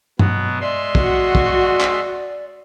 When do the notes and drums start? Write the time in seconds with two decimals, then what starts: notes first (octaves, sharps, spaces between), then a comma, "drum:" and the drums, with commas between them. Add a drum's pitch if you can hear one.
0.19 B2 F#3 B3, drum: tom
0.61 G#3 D5 E5 C6
0.95 F#4, drum: kick
1.35 drum: kick
1.81 drum: clap